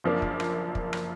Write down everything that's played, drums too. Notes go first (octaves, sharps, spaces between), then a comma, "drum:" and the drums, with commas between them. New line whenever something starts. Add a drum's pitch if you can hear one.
F#1 F#2 F3 A#3 D4
drum: kick
drum: rim click
drum: kick
drum: rim click